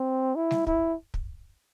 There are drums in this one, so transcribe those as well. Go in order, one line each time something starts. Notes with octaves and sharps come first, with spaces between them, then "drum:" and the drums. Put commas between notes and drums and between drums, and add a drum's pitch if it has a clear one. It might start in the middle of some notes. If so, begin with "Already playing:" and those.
Already playing: C4
E4
drum: snare G3
E4, drum: kick
drum: kick